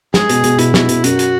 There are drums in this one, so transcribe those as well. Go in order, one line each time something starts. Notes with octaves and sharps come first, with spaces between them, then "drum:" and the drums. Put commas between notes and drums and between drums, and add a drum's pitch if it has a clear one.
G#3 G#4, drum: snare
B2, drum: hi-hat
B2, drum: hi-hat
B2 E4, drum: hi-hat
B2, drum: snare
B2, drum: hi-hat
F#2 F#4, drum: hi-hat
drum: hi-hat